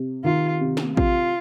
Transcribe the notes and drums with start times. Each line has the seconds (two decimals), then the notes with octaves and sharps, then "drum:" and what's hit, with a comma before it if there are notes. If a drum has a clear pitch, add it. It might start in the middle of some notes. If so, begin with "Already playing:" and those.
Already playing: C3
0.24 D#3 F4
0.61 C3
0.77 drum: snare
0.97 C3 F4, drum: kick A1